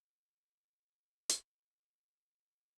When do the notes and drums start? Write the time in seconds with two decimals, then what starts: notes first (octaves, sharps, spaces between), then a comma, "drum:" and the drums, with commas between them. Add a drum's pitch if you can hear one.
0.66 D1 D#5
1.29 drum: hi-hat
2.41 F3 B4 F#6